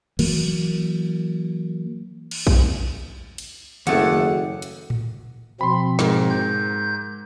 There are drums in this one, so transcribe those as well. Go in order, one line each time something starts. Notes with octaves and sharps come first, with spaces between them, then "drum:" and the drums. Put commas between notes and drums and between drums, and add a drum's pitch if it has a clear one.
E3 F#3 A#3, drum: cymbal
drum: cymbal
drum: kick A#1
drum: cymbal
F#1 D#2 A3 F#5, drum: hi-hat
drum: hi-hat
drum: tom A2
B2 F3 C4 B5 C6
G#2 A#4, drum: snare
G6